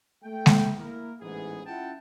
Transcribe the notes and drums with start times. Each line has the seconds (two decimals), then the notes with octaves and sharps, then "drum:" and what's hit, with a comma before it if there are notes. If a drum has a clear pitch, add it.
0.24 A3 G5
0.46 drum: snare G#3
0.78 A#3 E4 A#4
1.21 A1 G#2 E3 B3 G#4
1.66 C#4 E4 F4 F#5 G5 A5